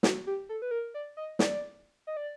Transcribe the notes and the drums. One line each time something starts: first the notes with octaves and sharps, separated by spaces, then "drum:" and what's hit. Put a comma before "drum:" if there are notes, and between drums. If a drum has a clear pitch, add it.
F#4, drum: snare
G4
A4
B4
A#4
D5
D#5
D5, drum: snare
D#5
D5